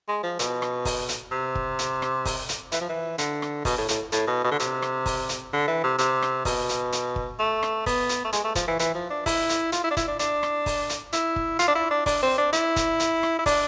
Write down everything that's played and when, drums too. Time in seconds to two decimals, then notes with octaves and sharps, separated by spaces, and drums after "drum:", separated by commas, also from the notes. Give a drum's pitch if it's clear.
0.08 G#3
0.23 F3
0.39 B2, drum: hi-hat
0.62 drum: rim click
0.85 drum: kick, open hi-hat
1.09 drum: hi-hat
1.32 C3
1.55 drum: kick
1.79 drum: hi-hat
2.02 drum: rim click
2.25 drum: kick, open hi-hat
2.49 drum: hi-hat
2.72 E3, drum: hi-hat
2.81 F3
2.89 E3
3.18 D3, drum: hi-hat
3.42 drum: rim click
3.65 B2, drum: kick, open hi-hat
3.78 A2
3.89 A2, drum: hi-hat
4.12 A2, drum: hi-hat
4.27 B2
4.44 B2
4.52 D3
4.60 C3, drum: hi-hat
4.82 drum: rim click
5.06 drum: kick, open hi-hat
5.29 drum: hi-hat
5.53 D3
5.68 E3
5.84 C3
5.98 C3, drum: hi-hat
6.22 drum: rim click
6.45 B2, drum: kick, open hi-hat
6.69 drum: hi-hat
6.93 drum: hi-hat
7.16 drum: kick
7.39 A3
7.63 drum: rim click
7.86 B3, drum: kick, open hi-hat
8.09 drum: hi-hat
8.25 A3
8.33 G#3, drum: hi-hat
8.44 A3
8.55 F3, drum: kick, hi-hat
8.68 E3
8.79 E3, drum: hi-hat
8.94 F3
9.11 D4
9.26 E4, drum: kick, open hi-hat
9.49 drum: hi-hat
9.72 F4, drum: hi-hat
9.84 E4
9.91 D4
9.97 E4, drum: kick, hi-hat
10.08 D4
10.19 D4, drum: hi-hat
10.43 drum: rim click
10.66 drum: kick, open hi-hat
10.89 drum: hi-hat
11.13 E4, drum: hi-hat
11.36 drum: kick
11.59 F4, drum: hi-hat
11.68 D4
11.75 E4
11.91 D4
12.06 D4, drum: kick, open hi-hat
12.22 C4
12.38 D4
12.53 E4, drum: hi-hat
12.76 drum: kick, hi-hat
13.00 drum: hi-hat
13.23 drum: rim click
13.39 E4
13.46 D4, drum: kick, open hi-hat